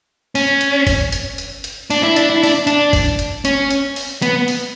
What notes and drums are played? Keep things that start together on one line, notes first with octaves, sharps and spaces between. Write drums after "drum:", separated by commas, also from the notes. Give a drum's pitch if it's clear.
C#4, drum: open hi-hat
drum: hi-hat
drum: kick, open hi-hat
drum: hi-hat
drum: hi-hat
drum: hi-hat
D4, drum: open hi-hat
E4
D4, drum: hi-hat
E4
D4, drum: open hi-hat
D4, drum: hi-hat
drum: kick, open hi-hat
drum: hi-hat
C#4, drum: hi-hat
drum: hi-hat
drum: open hi-hat
B3, drum: hi-hat
drum: open hi-hat